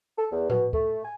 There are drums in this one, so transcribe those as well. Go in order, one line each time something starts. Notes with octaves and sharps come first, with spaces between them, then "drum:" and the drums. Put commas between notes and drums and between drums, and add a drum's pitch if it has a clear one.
A4
E2
B2, drum: tom A2
A3, drum: kick C#2
G#5